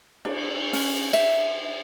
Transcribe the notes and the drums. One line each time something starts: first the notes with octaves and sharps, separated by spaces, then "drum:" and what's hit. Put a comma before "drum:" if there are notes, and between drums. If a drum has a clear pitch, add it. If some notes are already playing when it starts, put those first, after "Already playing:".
D4, drum: cymbal
C#4, drum: open hi-hat
E5, drum: cymbal